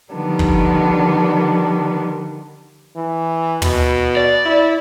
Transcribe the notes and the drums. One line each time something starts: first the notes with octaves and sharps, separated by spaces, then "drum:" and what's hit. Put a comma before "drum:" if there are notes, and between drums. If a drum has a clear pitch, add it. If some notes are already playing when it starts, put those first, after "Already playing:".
D3 D#3 F3 G3 B3 D4
drum: kick
E3
B2, drum: tom
D5
E4